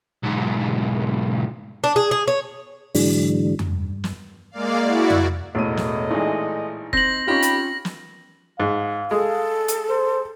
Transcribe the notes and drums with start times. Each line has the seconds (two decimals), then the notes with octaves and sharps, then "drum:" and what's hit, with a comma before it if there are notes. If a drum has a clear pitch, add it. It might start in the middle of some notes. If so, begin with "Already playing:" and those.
0.23 B1 G#2
1.84 D4
1.96 G#4
2.11 G#4
2.28 C#5
2.94 G#2 D3 E3 F#3 G#3 D4, drum: open hi-hat
3.59 G2, drum: tom F2
4.04 drum: snare
4.51 G#3 A#3 D5 F5
4.83 E4 F#4 D5
5.10 drum: tom F2
5.55 E1 A2 A3 D#5 D#7
5.77 drum: snare
6.11 A1 A#2 G#3 D#4
6.93 C4 A#6 F#7, drum: kick F1
7.28 C#4 D#4 F4 G4 B5
7.43 drum: hi-hat
7.85 drum: snare
8.60 G#2 F5
9.11 G#3 A4
9.68 drum: hi-hat
9.90 C5